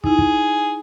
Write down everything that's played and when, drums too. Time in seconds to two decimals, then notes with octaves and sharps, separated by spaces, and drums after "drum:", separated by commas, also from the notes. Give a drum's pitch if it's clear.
0.04 D#4 E4 G#4, drum: kick
0.18 drum: kick